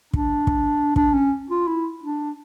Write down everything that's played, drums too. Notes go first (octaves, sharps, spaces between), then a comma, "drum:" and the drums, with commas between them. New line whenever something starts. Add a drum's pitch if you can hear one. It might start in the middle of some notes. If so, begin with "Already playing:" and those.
D4, drum: kick
drum: kick
D4, drum: kick
C#4
F4
E4
D4